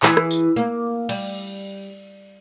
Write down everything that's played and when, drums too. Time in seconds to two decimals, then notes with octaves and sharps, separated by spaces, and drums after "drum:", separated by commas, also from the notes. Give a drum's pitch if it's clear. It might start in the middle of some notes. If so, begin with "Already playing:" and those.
0.03 E3 E4 G#4, drum: clap
0.17 drum: rim click
0.31 drum: tambourine
0.56 A#3
1.09 G3, drum: cymbal